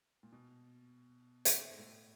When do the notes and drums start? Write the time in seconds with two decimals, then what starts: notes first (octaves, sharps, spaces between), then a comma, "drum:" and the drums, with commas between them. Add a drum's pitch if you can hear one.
0.23 A#2
0.32 B2
1.45 drum: hi-hat
1.71 G#2
1.78 A2